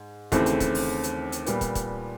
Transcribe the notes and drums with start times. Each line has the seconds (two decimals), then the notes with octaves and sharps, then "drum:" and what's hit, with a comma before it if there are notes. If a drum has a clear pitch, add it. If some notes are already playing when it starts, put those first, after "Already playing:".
Already playing: G#2
0.32 D#2 C#3 E3 A3 C4, drum: kick, hi-hat
0.46 drum: hi-hat
0.60 drum: kick, hi-hat
0.75 drum: open hi-hat
1.03 drum: hi-hat
1.32 drum: hi-hat
1.46 A#2 G3 B3, drum: hi-hat
1.61 drum: kick, hi-hat
1.75 drum: kick, hi-hat